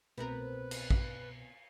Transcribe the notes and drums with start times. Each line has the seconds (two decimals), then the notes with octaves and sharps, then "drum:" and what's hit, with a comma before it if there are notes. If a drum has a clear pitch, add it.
0.18 C2 B2 B3 C4 A#4 B4
0.71 drum: cymbal
0.91 drum: kick